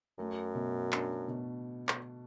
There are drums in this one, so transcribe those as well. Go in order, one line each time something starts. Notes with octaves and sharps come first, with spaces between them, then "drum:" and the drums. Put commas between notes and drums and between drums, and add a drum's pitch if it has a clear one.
F#2 A3
B2
D4, drum: clap
B2
drum: clap